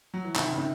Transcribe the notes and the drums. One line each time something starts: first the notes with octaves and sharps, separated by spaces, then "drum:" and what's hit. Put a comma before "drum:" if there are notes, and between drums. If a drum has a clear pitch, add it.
F#3
E3
C3 D#3, drum: clap
C#3
C3 D#3